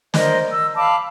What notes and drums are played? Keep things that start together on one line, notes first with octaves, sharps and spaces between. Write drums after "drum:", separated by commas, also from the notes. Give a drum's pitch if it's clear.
A#4 C5 D5 D#5, drum: snare
E6
F5 A5 B5 D6